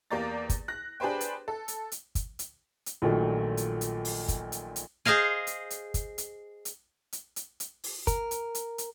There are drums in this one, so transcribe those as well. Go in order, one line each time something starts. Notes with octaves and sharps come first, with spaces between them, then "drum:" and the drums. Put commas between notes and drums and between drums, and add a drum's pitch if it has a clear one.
E2 A#3 G4 D5 A#5 A6
drum: kick, hi-hat
F#6 A#6
D4 G4 G#4 B4 C5 G5
drum: hi-hat
A4
drum: hi-hat
drum: hi-hat
drum: kick, hi-hat
drum: hi-hat
drum: hi-hat
A#1 A#2 D#3 F3 F#3 A3
drum: hi-hat
drum: hi-hat
drum: open hi-hat
drum: kick, hi-hat
drum: hi-hat
drum: hi-hat
G#4 C5 D#5 F5 G#5
drum: hi-hat
drum: hi-hat
drum: kick, hi-hat
drum: hi-hat
drum: hi-hat
drum: hi-hat
drum: hi-hat
drum: hi-hat
drum: open hi-hat
A#4, drum: kick, hi-hat
drum: hi-hat
drum: hi-hat
drum: hi-hat